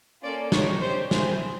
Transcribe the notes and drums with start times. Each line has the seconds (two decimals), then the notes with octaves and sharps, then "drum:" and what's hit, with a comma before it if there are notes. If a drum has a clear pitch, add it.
0.23 A#3 C#4 F4 A4 D5
0.52 C4 D#4 G4 C#5, drum: snare
0.81 D4 G4 C5
1.11 C4 E4 G#4 C5, drum: snare